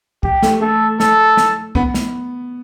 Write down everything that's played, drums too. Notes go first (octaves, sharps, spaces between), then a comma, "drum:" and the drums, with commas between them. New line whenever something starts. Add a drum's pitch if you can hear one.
G4, drum: kick C2
A3, drum: snare
A3 A4
A4, drum: snare
drum: snare
B3, drum: kick C2
drum: snare